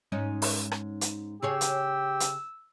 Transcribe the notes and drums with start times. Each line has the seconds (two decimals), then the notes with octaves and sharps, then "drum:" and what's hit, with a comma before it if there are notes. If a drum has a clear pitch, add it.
0.12 G#2 C#4 D#4
0.42 drum: open hi-hat
0.72 drum: rim click
1.01 drum: hi-hat
1.42 C#3 G4 G#4 C#5 E6
1.61 drum: hi-hat
2.20 drum: hi-hat